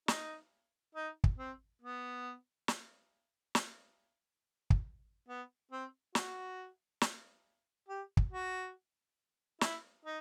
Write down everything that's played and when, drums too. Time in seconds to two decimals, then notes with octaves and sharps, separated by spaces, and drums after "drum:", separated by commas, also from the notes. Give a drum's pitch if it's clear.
0.08 D#4, drum: snare
0.95 D#4
1.24 drum: kick
1.38 C4
1.82 B3
2.68 drum: snare
3.55 drum: snare
4.70 drum: kick
5.28 B3
5.71 C4
6.15 F#4, drum: snare
7.01 drum: snare
7.88 G4
8.17 drum: kick
8.31 F#4
9.61 E4, drum: snare
10.05 D#4